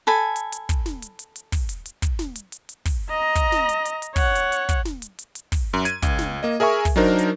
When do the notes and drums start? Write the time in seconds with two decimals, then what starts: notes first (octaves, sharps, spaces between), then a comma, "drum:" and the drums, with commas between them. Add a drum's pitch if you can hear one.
0.07 A4 G#5 B5
0.36 drum: hi-hat
0.52 drum: hi-hat
0.69 drum: kick, hi-hat
0.86 drum: snare
1.02 drum: hi-hat
1.19 drum: hi-hat
1.36 drum: hi-hat
1.52 drum: kick, open hi-hat
1.69 drum: hi-hat
1.86 drum: hi-hat
2.02 drum: kick, hi-hat
2.19 drum: snare
2.36 drum: hi-hat
2.52 drum: hi-hat
2.69 drum: hi-hat
2.85 drum: kick, open hi-hat
3.11 D#5 A#5
3.35 drum: kick, hi-hat
3.52 drum: snare
3.69 drum: hi-hat
3.85 drum: hi-hat
4.02 drum: hi-hat
4.16 C#5 F#5, drum: kick, open hi-hat
4.35 drum: hi-hat
4.52 drum: hi-hat
4.69 drum: kick, hi-hat
4.85 drum: snare
5.02 drum: hi-hat
5.19 drum: hi-hat
5.35 drum: hi-hat
5.52 drum: kick, open hi-hat
5.73 F#2
5.85 G#6 D#7, drum: hi-hat
6.02 C#2, drum: kick, hi-hat
6.19 drum: snare
6.43 A#3 D#5
6.60 G#4 A#4 E5 G#5 C#6
6.85 drum: kick, open hi-hat
6.96 F#3 D4 D#4 A#4 C5
7.18 drum: hi-hat